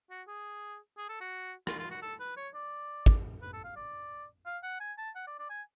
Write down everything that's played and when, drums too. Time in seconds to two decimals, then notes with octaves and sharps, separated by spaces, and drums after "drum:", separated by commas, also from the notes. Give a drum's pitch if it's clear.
0.10 F#4
0.28 G#4
0.98 G#4
1.09 A4
1.20 F#4
1.67 F4, drum: rim click
1.79 F4
1.91 F#4
2.02 A4
2.20 B4
2.37 C#5
2.54 D5
3.06 drum: kick
3.42 B4
3.53 A4
3.64 F5
3.76 D5
4.46 F5
4.63 F#5
4.80 G#5
4.98 A5
5.15 F#5
5.27 D5
5.39 D5
5.50 G#5